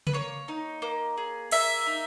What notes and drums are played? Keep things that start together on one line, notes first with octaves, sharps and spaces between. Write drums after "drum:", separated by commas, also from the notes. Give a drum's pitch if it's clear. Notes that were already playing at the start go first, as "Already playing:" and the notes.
B4, drum: tom C#3
A#3 C#5
D#4
A#3
G#4
A#3 E5, drum: cymbal
D#4